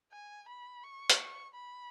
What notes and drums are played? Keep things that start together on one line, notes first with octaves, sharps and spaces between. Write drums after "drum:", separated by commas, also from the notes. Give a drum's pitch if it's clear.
G#5
B5
C#6
drum: hi-hat
B5